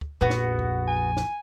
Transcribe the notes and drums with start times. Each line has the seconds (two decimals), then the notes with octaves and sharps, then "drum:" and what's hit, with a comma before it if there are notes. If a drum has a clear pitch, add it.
0.01 drum: kick
0.21 A#1 F2 B3 F#4
0.30 drum: snare
0.59 drum: kick
0.88 G#5
1.17 drum: snare